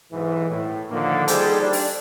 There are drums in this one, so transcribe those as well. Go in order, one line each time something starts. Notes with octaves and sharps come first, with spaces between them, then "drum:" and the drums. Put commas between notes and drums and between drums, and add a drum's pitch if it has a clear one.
B1 G#2 E3
A2
D3 D#3 F3 A#3
G3 D#4 G#4 A4 C5, drum: hi-hat
G3 D4
drum: open hi-hat